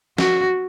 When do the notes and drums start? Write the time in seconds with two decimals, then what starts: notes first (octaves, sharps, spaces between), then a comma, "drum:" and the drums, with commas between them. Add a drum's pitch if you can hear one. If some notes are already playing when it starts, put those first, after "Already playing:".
0.18 F#4, drum: snare